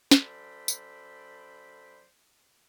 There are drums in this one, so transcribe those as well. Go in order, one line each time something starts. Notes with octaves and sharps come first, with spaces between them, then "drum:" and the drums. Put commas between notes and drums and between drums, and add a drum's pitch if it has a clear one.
F#2 A4 C5 D5 B5, drum: snare
drum: tambourine